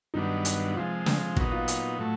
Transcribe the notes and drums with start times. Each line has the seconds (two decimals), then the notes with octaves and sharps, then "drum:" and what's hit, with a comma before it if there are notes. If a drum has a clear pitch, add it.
0.14 G2 D#3 F#3 B3 D4 D#4
0.45 drum: hi-hat
0.76 C3 F3 G#3 F4
1.06 drum: snare
1.36 A#2 F#3 B3 D#4 F#4, drum: kick
1.52 F4
1.68 drum: hi-hat
1.99 A2 F#3 A3